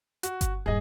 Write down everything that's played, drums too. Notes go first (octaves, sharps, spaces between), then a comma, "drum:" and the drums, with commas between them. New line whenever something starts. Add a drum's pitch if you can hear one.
F#4, drum: hi-hat
drum: kick G1, hi-hat
D#1 G2 G#4 D#5 G#5